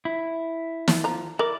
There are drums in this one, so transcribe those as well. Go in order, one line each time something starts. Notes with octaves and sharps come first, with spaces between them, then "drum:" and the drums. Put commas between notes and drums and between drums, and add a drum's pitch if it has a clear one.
E4
drum: snare
F3 A#5
E4 A#4 D5 D6